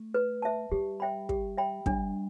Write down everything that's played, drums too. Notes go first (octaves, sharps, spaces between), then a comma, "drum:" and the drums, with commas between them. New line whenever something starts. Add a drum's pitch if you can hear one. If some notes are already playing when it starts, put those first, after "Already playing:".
Already playing: A3
B4
E5 A5
G3 G4
E5 G5 B5
G4, drum: kick
E5 G5 B5
G3 D4, drum: kick